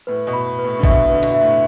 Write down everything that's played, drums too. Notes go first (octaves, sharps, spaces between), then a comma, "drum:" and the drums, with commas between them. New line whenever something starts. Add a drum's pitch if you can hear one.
A2 B4
B2
B5
B4
A2
D3
B2 E5, drum: kick A1
D3 B4
B2, drum: hi-hat
E5
A2